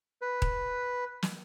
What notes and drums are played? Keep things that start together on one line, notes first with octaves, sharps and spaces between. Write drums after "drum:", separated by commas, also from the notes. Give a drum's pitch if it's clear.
B4
drum: kick D#1
drum: snare